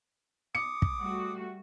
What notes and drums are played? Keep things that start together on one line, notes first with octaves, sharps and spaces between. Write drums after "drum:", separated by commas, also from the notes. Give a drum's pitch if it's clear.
D6 D#6 C#7
drum: kick
G3 A3 F#4